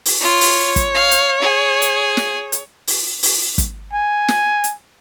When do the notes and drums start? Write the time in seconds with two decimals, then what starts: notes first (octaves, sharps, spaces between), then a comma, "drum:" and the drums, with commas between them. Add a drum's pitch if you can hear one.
0.06 drum: open hi-hat
0.21 F4 C#5
0.41 drum: open hi-hat
0.76 drum: kick, hi-hat
0.95 F5
1.11 drum: hi-hat
1.41 G#4
1.82 drum: hi-hat
2.17 drum: snare
2.52 drum: hi-hat
2.87 drum: open hi-hat
3.23 drum: open hi-hat
3.58 drum: kick, hi-hat
3.93 G#5
4.28 drum: snare
4.64 drum: hi-hat